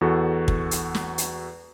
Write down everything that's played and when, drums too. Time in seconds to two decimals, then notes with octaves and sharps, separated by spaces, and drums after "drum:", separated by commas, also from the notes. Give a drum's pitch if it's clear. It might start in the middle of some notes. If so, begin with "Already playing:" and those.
0.01 E2 F#4 A4
0.48 drum: kick
0.71 drum: hi-hat
0.95 drum: snare
1.18 drum: hi-hat